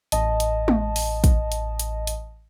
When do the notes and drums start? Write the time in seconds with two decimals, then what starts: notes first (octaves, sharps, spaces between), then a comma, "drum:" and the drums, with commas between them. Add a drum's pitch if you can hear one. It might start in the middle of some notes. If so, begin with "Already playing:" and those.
0.12 A1 D#5 A5, drum: hi-hat
0.40 drum: hi-hat
0.68 drum: tom G#3
0.96 drum: open hi-hat
1.24 drum: kick, hi-hat
1.52 drum: hi-hat
1.79 drum: hi-hat
2.07 drum: hi-hat